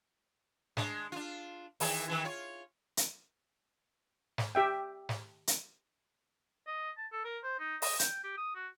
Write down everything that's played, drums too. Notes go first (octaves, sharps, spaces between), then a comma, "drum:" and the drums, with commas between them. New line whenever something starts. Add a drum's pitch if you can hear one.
G#3 D4, drum: snare
D4 F4
D#3 E3 G#4, drum: open hi-hat
D#3 E3 E4
F4 C#5
drum: hi-hat
drum: snare
G4 E5 G5
drum: snare
drum: hi-hat
D#5
A5
A4
A#4
C5
D#4
D#5, drum: open hi-hat
G5, drum: hi-hat
G4
D#6
F#4